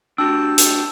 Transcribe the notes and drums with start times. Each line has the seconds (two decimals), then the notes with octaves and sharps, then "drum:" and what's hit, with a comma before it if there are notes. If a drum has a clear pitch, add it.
0.18 D4 F#4 G4 G5 A5 E6
0.58 drum: hi-hat